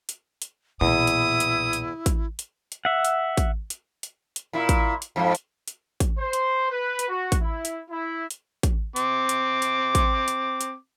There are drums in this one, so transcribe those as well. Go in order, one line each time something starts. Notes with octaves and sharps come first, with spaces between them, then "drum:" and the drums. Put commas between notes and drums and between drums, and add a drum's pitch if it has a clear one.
drum: hi-hat
drum: hi-hat
B1 E2 A#2 E4 D#6
drum: hi-hat
drum: hi-hat
drum: hi-hat
drum: kick, hi-hat
drum: hi-hat
drum: hi-hat
E5 F#5
drum: hi-hat
drum: kick, hi-hat
drum: hi-hat
drum: hi-hat
drum: hi-hat
A#2 E4
drum: kick, hi-hat
drum: hi-hat
F2 G#2 F3
drum: hi-hat
drum: hi-hat
drum: kick, hi-hat
C5
drum: hi-hat
B4
drum: hi-hat
F#4
drum: kick, hi-hat
E4
drum: hi-hat
E4
drum: hi-hat
drum: kick, hi-hat
C4 D6, drum: hi-hat
drum: hi-hat
drum: hi-hat
drum: kick, hi-hat
drum: hi-hat
drum: hi-hat